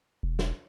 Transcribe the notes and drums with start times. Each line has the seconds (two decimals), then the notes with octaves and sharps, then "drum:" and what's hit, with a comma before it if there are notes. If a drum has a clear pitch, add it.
0.23 E1
0.39 drum: snare